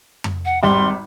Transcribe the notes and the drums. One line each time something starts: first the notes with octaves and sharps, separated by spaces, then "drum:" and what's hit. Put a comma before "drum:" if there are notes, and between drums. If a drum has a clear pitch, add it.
drum: tom F2
F#5
G#1 G3 C6